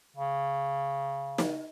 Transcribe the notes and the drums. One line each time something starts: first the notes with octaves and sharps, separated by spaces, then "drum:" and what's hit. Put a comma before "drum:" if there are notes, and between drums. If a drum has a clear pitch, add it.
C#3
drum: snare